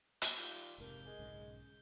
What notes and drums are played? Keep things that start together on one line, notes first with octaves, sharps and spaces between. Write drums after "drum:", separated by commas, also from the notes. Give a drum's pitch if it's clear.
drum: hi-hat
D#3 G3 F4 G6 G7
F1 G#2 C3 A3 A#3 A#4
G#3
B1 G#2 C#3